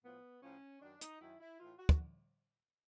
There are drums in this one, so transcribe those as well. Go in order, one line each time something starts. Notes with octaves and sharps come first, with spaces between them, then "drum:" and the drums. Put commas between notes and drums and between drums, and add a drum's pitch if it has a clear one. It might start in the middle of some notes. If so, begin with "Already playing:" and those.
A2 F3 B3
A2 F3 C#4
F#2 D#3 D4
D#4, drum: hi-hat
F#2 D#3 E4
E4
A2 E3 F4
F#4
drum: kick